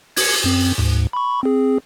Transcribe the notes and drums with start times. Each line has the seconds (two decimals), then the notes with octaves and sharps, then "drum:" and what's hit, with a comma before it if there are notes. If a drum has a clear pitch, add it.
0.16 G#6 C#7, drum: open hi-hat
0.44 F#2 C4
0.78 D2 G#2
1.13 B5 C#6
1.43 C4 G#4